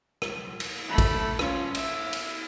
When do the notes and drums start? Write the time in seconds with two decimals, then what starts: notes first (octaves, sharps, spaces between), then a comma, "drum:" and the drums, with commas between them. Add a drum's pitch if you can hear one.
0.22 drum: rim click
0.60 drum: cymbal
0.88 A3 B5
0.98 drum: kick, cymbal
1.39 C#4 F4, drum: rim click
1.75 E5, drum: cymbal
2.13 drum: cymbal